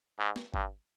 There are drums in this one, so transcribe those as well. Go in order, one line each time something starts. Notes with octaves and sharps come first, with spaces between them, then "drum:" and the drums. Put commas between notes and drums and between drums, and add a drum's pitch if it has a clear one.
G#2
drum: snare
G2, drum: kick G#1